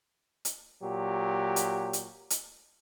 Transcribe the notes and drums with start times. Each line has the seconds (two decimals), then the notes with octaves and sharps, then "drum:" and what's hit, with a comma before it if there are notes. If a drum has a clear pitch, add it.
0.45 drum: hi-hat
0.82 A#2 F#3 G4
1.56 drum: hi-hat
1.93 drum: hi-hat
2.30 drum: hi-hat